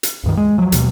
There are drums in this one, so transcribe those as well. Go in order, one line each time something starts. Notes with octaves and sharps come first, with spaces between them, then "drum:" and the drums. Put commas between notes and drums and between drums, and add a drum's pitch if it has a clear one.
drum: hi-hat
C#2 G2 D#3
G#3
F3 F#3
D#2 B2 F#3, drum: hi-hat